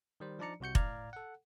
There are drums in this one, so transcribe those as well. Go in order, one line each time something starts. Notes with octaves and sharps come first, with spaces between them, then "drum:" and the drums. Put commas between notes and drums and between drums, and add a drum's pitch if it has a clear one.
D#3 G3 C5
F3 D4 D#4 D5 A#5 C#7
C2 C3 F#4 G6 C#7
A2 D5 F5 A#5 F6 G#6, drum: kick F1
A4 F#5